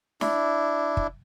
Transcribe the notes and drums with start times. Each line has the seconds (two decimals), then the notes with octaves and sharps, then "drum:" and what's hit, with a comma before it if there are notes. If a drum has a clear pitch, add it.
0.21 D4 E4, drum: snare
0.97 drum: kick